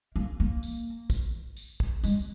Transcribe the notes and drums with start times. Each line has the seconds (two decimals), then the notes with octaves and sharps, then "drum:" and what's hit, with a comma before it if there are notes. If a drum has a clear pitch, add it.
0.16 A#3
0.40 A#3
0.63 drum: tambourine
1.10 drum: kick, tambourine
1.57 drum: tambourine
1.80 drum: kick
2.04 G#3, drum: tambourine